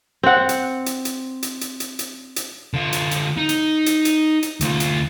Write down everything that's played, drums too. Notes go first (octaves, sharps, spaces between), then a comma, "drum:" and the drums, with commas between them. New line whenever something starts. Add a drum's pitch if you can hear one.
C4 F#5
drum: hi-hat
drum: hi-hat
drum: hi-hat
drum: hi-hat
drum: hi-hat
drum: hi-hat
drum: hi-hat
drum: hi-hat
D3 F4
drum: hi-hat
drum: hi-hat
D#4
drum: hi-hat
drum: hi-hat
drum: hi-hat
drum: hi-hat
D2 F4, drum: hi-hat
drum: hi-hat